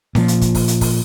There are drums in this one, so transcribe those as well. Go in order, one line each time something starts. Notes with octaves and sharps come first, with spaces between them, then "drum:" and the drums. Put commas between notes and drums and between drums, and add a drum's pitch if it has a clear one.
A#2 F3, drum: snare C#4
drum: hi-hat
drum: kick, hi-hat
drum: kick, open hi-hat
drum: hi-hat
drum: kick, open hi-hat